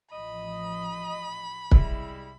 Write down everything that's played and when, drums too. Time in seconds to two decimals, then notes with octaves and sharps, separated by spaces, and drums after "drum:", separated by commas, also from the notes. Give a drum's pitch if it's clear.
0.12 A1 F3 D#5 B5
1.71 C2 G3 G#3 E4, drum: kick